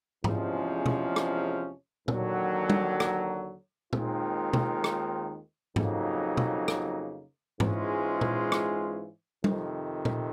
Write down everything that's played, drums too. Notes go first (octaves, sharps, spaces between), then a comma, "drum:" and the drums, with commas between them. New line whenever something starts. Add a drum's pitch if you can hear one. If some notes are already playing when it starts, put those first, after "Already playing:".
E2 C3 F3 G#3 C#4, drum: tom
drum: tom B2
drum: rim click
D#2 D3 F#3, drum: tom
drum: tom
drum: rim click
D#2 D#3 G#3 C4 F4, drum: tom
drum: tom B2
drum: rim click
F2 C#3 F#3 A#3 D#4, drum: tom
drum: tom B2
drum: rim click
G#2 E3 G#3 C#4 F4, drum: tom
drum: tom
drum: rim click
F2 C3 D#3, drum: tom
drum: tom